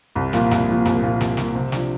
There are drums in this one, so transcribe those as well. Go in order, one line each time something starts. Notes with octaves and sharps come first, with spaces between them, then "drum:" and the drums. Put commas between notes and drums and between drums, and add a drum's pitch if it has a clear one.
C2
A#2 F3 A#3, drum: snare
C2, drum: snare
A#2 F3 A#3
C2, drum: snare
A#2 F3 A#3
C2, drum: snare
A#2 F3 A#3, drum: snare
C3
F3 D4, drum: snare